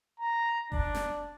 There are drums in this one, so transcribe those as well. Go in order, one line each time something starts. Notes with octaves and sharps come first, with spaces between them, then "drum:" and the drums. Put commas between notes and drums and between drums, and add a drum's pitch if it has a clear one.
A#5
D4, drum: kick F1
drum: snare